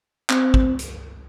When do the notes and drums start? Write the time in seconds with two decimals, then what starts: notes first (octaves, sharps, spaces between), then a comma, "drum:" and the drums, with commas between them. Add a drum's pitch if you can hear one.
0.30 C4, drum: clap
0.54 drum: kick
0.79 drum: hi-hat